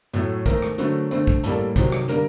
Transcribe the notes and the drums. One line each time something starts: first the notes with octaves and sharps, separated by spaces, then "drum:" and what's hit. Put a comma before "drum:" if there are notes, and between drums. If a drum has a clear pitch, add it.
A2 F#3 A3, drum: hi-hat
D#3 A3 C4 A#4, drum: kick, hi-hat
drum: rim click
D3 F#3 A3 C4, drum: hi-hat
D3 A3 C4, drum: hi-hat
drum: kick
A2 G3 A#3 A4, drum: hi-hat
C3 D#3 F#3 C4, drum: kick, hi-hat
drum: rim click
D3 G3 A#3 A#4, drum: hi-hat